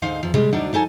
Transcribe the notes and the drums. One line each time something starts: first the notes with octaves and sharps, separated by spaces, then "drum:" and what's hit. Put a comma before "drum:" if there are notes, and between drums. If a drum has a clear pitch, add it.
D2 G#2 D#4 C5 F5
E2 F3
G3 G#3, drum: tom C3
D2 F#3 D4 D#4 D5
F3 D#4 A4 G#5